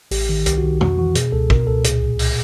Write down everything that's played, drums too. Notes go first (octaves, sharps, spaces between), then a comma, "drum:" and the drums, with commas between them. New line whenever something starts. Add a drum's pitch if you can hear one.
A1 G4, drum: open hi-hat
D#3
C2 G4, drum: hi-hat
F#4
D#3
F2 F#4, drum: tom
E3 F#4
B2 G#4, drum: hi-hat
C#2 A4
B2 A#4, drum: kick
C#2 A4
A#2 G#4, drum: hi-hat
C2
drum: open hi-hat